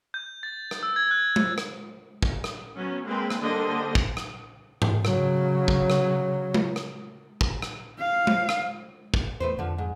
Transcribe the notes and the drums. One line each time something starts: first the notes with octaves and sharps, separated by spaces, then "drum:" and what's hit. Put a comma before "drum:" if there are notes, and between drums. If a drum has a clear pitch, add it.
G6
A6
drum: rim click
E6
G#6
F#6
drum: tom G#3
drum: rim click
drum: kick
drum: rim click
F#3 B3 C#4
G#3 A#3 C4 B4
drum: rim click
D3 G3 A#3 D4 C5 D#5
drum: kick
drum: rim click
drum: tom G#2
C#3 F#3, drum: rim click
drum: kick
drum: rim click
drum: tom G#3
drum: rim click
drum: kick
drum: rim click
F5
drum: tom G#3
drum: rim click
drum: kick
E2 A3 B4 C5
F2 D3 F3
G#2